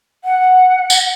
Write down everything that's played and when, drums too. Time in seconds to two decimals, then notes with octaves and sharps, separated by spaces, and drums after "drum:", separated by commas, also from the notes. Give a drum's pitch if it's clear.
0.24 F#5
0.90 drum: tambourine